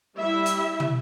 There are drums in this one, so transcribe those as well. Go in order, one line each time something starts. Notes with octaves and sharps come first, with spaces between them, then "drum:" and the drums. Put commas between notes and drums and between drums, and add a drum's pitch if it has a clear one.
G3 E4 E5
drum: hi-hat
drum: tom